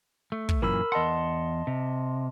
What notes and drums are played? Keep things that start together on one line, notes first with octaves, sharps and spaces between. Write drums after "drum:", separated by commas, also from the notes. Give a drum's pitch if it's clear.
A3
drum: kick
F#2 A#2 E3 A#4 B5 E6
E2 D#5 F#5 A5 C6
C3